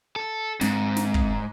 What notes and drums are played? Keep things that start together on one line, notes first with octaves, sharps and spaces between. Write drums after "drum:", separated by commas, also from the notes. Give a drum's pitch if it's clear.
A4
G#2 G#3 C4, drum: snare
drum: snare
drum: kick